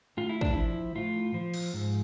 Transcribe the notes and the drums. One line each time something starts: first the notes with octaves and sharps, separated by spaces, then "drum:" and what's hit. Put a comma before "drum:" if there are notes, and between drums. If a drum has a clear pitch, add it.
A2 F4
E4
D4, drum: kick
F3 E4
A2 F4
F3
drum: cymbal
G#2